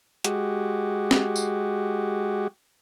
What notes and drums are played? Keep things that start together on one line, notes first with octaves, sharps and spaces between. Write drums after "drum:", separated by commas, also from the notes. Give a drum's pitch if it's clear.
G#3 F#4 G4, drum: hi-hat
drum: snare
drum: tambourine